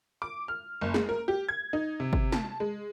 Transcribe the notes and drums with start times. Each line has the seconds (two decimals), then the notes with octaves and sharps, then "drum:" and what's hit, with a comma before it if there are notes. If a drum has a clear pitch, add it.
0.22 D6
0.48 F6
0.81 F#1
0.94 G#3, drum: snare
1.09 A#4
1.28 G4
1.49 G#6
1.73 D#4
2.00 C3
2.13 drum: kick
2.32 A5, drum: snare
2.60 G#3